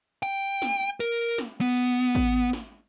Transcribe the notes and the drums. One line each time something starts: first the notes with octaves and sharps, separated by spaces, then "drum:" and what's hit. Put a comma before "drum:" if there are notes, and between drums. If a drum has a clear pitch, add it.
G5, drum: hi-hat
drum: snare
A#4, drum: hi-hat
drum: snare
B3
drum: hi-hat
drum: kick, hi-hat
drum: snare